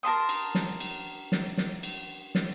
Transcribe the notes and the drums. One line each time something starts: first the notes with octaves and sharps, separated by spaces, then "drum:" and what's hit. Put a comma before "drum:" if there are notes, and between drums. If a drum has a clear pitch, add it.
A#4 A5 C6 D#6
drum: cymbal
drum: snare
drum: cymbal
drum: snare
drum: snare
drum: cymbal
drum: snare